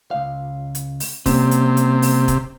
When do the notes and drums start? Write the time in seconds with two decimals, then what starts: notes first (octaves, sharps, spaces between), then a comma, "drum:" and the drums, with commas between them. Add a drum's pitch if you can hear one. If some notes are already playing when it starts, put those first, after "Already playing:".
0.11 C#2 F5
0.75 drum: hi-hat
1.00 drum: open hi-hat
1.26 C3 G3 A#3 C#4, drum: kick D#1, open hi-hat
1.51 drum: hi-hat
1.77 drum: hi-hat
2.02 drum: open hi-hat
2.28 drum: kick D#1, hi-hat